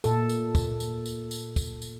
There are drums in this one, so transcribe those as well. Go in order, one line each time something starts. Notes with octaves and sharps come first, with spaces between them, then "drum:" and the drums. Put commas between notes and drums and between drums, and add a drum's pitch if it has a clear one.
A#2 A4, drum: tambourine
drum: tambourine
drum: kick, tambourine
drum: tambourine
drum: tambourine
drum: tambourine
drum: kick, tambourine
drum: tambourine